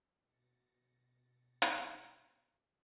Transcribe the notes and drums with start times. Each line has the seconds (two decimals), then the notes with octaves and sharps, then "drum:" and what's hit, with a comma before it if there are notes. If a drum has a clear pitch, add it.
0.22 B2 A6 A#6 C#7
1.62 drum: hi-hat